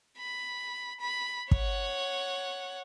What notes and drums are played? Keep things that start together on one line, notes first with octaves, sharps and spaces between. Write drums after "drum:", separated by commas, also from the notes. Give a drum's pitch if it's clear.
B5
B5
C#5 F#5, drum: kick